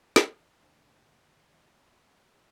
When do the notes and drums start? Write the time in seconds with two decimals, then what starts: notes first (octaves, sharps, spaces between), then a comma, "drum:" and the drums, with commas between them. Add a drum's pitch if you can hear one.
0.16 E2, drum: snare
0.60 D#2 A2 C3 D4 E4 C5